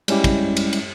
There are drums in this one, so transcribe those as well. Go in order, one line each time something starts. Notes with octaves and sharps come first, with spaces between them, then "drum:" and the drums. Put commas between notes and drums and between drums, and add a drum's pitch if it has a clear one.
G3 G#3 C#4 E4 G4, drum: cymbal
drum: kick, cymbal
drum: cymbal
drum: cymbal